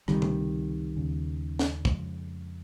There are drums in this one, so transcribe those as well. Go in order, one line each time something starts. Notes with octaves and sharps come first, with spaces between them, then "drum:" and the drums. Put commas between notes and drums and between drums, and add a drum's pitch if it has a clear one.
C#2 C3 D#3 G3, drum: rim click
drum: tom C3
D#2 C#3
drum: snare
F2 C#3 F3 G#3, drum: kick